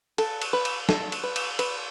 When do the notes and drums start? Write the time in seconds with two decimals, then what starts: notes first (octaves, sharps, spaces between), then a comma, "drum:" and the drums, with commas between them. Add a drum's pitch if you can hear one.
0.18 A4, drum: cymbal
0.42 drum: cymbal
0.53 B4
0.65 drum: cymbal
0.89 A4, drum: snare
1.12 drum: cymbal
1.23 B4
1.36 drum: cymbal
1.59 B4, drum: cymbal